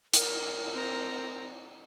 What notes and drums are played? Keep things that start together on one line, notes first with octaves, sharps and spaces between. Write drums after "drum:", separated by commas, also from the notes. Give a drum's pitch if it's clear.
A#4, drum: hi-hat
C4 A#5